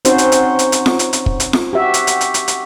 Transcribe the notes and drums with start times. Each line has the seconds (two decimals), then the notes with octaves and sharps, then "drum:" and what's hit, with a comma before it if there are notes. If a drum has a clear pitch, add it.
0.05 C4 C#4 D#4 F#4 C5, drum: hi-hat
0.18 drum: hi-hat
0.32 drum: hi-hat
0.59 drum: hi-hat
0.72 drum: hi-hat
0.86 drum: snare
0.99 drum: hi-hat
1.13 drum: hi-hat
1.26 drum: kick
1.40 drum: hi-hat
1.53 drum: snare
1.73 F#4 G4 E5
1.94 drum: hi-hat
2.07 drum: hi-hat
2.21 drum: hi-hat
2.34 drum: hi-hat
2.48 drum: hi-hat